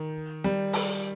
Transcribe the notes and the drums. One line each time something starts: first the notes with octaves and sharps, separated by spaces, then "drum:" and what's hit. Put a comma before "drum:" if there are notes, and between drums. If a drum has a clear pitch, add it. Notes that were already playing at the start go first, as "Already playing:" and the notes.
Already playing: D#3
G3
drum: open hi-hat